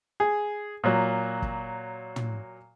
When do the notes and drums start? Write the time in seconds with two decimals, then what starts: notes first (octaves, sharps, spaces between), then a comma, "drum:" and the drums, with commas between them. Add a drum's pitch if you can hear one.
0.20 G#4
0.84 A#2 F#3
1.42 drum: kick
2.16 drum: tom